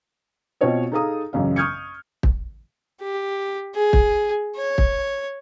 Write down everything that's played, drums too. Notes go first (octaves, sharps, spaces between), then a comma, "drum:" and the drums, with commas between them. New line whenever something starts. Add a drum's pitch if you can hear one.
B2 C4 F4 C#5 D#5
D#4 G#4 A4 F5 A#5 D#6
A1 F#2 C#3 F5
C#6 D#6 F6 G6 G#6 C#7
drum: kick
G4
G#4
drum: kick
C#5
drum: kick